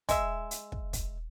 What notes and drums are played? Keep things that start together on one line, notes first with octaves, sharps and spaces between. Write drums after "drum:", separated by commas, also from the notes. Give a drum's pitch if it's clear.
G#3 E5, drum: kick, hi-hat
drum: hi-hat
drum: kick
drum: kick, hi-hat